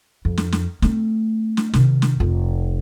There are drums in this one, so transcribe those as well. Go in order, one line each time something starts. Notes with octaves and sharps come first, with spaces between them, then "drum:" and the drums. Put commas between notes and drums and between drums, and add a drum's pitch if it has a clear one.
F2
drum: snare
drum: snare
A3 C4, drum: snare
drum: snare
C3 D#3, drum: snare
drum: snare
F1 F4